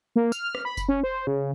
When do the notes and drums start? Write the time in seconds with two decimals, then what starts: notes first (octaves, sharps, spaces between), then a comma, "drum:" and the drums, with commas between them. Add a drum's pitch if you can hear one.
0.16 A#3
0.32 F6, drum: tambourine
0.55 drum: rim click
0.65 B5
0.77 drum: kick F#1, tambourine
0.89 C#4
1.04 C5
1.27 C#3